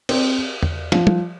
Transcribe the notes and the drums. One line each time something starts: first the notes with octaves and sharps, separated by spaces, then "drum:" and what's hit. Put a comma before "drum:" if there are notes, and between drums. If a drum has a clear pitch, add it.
C4, drum: cymbal
drum: tom E2
F3, drum: snare
drum: tom